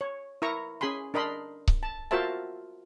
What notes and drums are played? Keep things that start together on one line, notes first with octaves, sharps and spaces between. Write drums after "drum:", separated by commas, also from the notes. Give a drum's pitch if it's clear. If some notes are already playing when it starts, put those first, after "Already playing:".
C#5
E4 A#4 A#5 C#6
C#4 G#4 G#5 B5 C6
D4 A#4 D#5 B5 C6
drum: kick C#1
A5
F4 F#4 A#4 C5 E5 A5